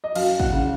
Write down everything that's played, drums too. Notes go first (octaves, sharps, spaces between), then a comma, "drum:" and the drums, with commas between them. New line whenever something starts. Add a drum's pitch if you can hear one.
D#5
F#2 F5, drum: cymbal
F#5, drum: kick
C#3